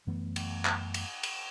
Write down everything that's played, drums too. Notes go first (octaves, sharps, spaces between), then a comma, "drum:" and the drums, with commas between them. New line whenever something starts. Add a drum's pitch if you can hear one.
F#2 E3 A3 B3
drum: cymbal
drum: clap
drum: cymbal
drum: cymbal